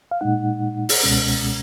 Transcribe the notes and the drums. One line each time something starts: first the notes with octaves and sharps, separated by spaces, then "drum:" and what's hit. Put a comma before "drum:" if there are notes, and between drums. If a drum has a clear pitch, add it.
F5
A#2 G#3 D#4 F#5
drum: open hi-hat
C#2 B2 G#3 C#4